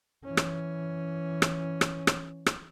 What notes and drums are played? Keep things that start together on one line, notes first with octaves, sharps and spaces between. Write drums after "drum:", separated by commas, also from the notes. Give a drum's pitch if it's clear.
E3 C#4
drum: rim click
drum: rim click
drum: rim click
drum: rim click
drum: rim click